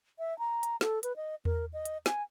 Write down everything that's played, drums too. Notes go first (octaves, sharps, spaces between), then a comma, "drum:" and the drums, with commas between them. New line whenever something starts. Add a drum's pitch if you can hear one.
E5
A#5
drum: hi-hat
A4, drum: snare
B4, drum: hi-hat
D#5
A#4, drum: tom E2
D#5
drum: hi-hat
G#5, drum: snare